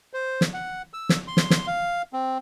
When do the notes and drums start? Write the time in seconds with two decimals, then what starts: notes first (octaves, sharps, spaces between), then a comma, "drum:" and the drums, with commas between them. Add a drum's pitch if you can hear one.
0.14 C5
0.41 drum: snare
0.54 F#5
0.94 E6
1.09 drum: snare
1.28 C6
1.37 drum: snare
1.50 drum: snare
1.67 F5
2.13 C4